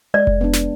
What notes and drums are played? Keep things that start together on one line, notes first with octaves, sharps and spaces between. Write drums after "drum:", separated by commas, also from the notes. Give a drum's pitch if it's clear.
G#3 D5
drum: kick F1
B3 D4
drum: snare